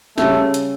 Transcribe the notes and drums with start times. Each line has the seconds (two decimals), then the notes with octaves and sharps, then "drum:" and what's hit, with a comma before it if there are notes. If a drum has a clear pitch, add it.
0.18 C#3 G3 A3 C#4, drum: snare
0.54 drum: hi-hat